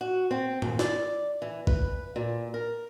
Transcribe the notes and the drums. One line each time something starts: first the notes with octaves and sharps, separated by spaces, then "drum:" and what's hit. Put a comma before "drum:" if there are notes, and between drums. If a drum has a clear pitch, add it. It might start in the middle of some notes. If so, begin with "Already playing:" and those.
F#4
C4
A#2, drum: tom G2
D5, drum: snare
E3
B4, drum: kick G#1
A#2
A#4